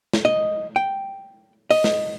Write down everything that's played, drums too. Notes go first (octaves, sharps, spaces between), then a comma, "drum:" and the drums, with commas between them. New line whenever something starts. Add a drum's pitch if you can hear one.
drum: snare
D#5
G5
D#5, drum: open hi-hat
drum: snare